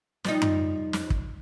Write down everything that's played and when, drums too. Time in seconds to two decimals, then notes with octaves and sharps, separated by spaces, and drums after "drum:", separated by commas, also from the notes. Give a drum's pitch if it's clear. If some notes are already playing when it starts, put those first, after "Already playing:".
0.24 F3 G3 D#4, drum: snare
0.42 drum: tom F#2
0.93 drum: snare
1.10 drum: kick